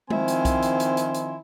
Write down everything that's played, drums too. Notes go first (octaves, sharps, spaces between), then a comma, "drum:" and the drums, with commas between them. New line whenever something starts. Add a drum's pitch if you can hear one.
D#3 F3 C4 E4 G#5 C6, drum: tom G#3
drum: hi-hat
drum: kick B1, hi-hat
drum: hi-hat
drum: hi-hat
drum: hi-hat
drum: hi-hat